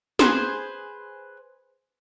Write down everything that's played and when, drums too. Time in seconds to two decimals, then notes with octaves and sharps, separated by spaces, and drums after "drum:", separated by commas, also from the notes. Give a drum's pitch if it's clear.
0.19 G#4 B4 C5, drum: snare